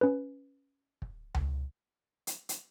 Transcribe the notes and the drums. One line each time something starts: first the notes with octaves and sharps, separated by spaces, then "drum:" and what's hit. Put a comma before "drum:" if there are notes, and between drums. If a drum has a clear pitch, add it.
C#4 B4
drum: kick
drum: tom C#2
drum: hi-hat
drum: hi-hat